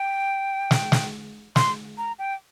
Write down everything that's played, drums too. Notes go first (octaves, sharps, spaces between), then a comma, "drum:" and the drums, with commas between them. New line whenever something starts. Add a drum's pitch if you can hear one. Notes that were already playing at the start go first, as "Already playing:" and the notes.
Already playing: G5
drum: snare
drum: snare
C6, drum: snare
A#5
G5